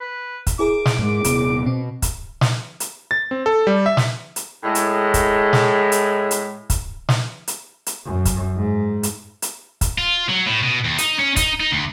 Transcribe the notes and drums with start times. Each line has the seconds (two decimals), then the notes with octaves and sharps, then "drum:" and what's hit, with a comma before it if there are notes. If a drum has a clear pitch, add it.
0.01 B4
0.47 drum: kick, hi-hat
0.59 E4 G#4 A#4 D6
0.86 drum: snare
0.99 G#2 G#3
1.24 D#1 C3 B3, drum: hi-hat
1.66 B2 C4
2.02 drum: kick, hi-hat
2.41 drum: snare
2.80 drum: hi-hat
3.11 A6
3.31 C4
3.46 A4
3.67 G3
3.86 E5
3.97 drum: snare
4.36 drum: hi-hat
4.64 A2 G#3
4.75 drum: hi-hat
5.14 drum: kick, hi-hat
5.53 drum: snare
5.92 drum: hi-hat
6.31 drum: hi-hat
6.70 drum: kick, hi-hat
7.09 drum: snare
7.48 drum: hi-hat
7.86 drum: hi-hat
8.05 F#2
8.25 drum: kick, hi-hat
8.56 G#2
9.03 drum: hi-hat
9.42 drum: hi-hat
9.81 drum: kick, hi-hat
9.98 F4
10.29 F#3
10.46 A2
10.63 B2
10.85 D#2
10.98 D#4, drum: hi-hat
11.19 C#4
11.36 D#4, drum: kick, hi-hat
11.60 D#4
11.72 D2